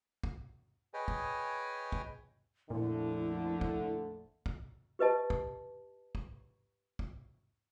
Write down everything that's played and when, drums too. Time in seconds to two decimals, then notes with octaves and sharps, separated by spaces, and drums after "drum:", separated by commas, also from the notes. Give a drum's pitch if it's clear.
0.23 drum: kick
0.94 G#4 B4 C#5 D#5 G5 G#5
1.08 drum: kick
1.92 drum: kick
2.70 A#1 F2 A#2 D3 A3 E4
3.61 drum: kick
4.46 drum: kick
4.99 G4 B4 D#5 A5
5.30 drum: kick
6.15 drum: kick
6.99 drum: kick